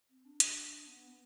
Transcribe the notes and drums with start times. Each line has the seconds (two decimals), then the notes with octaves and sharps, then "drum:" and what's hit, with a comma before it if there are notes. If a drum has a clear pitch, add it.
0.10 C4
0.25 D4
0.40 D4, drum: hi-hat
0.86 B3
1.10 B3